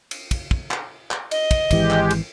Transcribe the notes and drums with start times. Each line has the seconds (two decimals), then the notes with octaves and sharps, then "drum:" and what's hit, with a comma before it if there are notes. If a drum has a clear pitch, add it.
0.11 drum: cymbal
0.31 drum: kick, cymbal
0.51 drum: kick
0.71 drum: clap
1.11 drum: clap
1.31 D#5, drum: cymbal
1.51 drum: kick, cymbal
1.71 G#1 E3 G#3 G4, drum: kick, cymbal
1.91 drum: clap
2.11 drum: cymbal